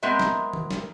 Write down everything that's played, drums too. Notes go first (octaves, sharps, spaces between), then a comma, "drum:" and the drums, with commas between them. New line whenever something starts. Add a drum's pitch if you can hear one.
G#3 B3 C4 A#4 C5 E5
drum: snare
drum: tom D#3
drum: snare